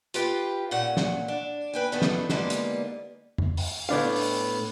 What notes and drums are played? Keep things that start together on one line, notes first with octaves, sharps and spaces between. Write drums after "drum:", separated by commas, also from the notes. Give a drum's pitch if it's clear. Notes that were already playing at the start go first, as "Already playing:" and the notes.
F4 G4 B4 G5, drum: hi-hat
A#2 C#4 F#5
drum: snare
D4
B4 G5 G#5
G2 D#3 B3 E4 A4
drum: snare
D3 D#3 G3 G#3 A#3 B3, drum: snare
drum: hi-hat
drum: tom F2
drum: open hi-hat
A2 B3 D4 F5
drum: open hi-hat